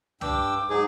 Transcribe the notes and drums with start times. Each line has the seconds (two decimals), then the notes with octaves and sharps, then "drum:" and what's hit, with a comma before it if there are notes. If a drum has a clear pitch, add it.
0.21 G2 D4 G5 D6 E6, drum: tom
0.70 G#2 F#3 D#4 G#4